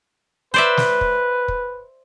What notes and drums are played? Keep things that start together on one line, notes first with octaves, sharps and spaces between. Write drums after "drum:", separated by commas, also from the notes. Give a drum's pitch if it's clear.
B4 C5 D5 E5
drum: snare
drum: kick
drum: kick